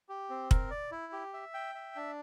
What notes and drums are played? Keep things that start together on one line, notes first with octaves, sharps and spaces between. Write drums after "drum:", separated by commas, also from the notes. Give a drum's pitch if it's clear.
G4
C4
A#4, drum: kick
D5
E4
G4
E5
G5
E5
D4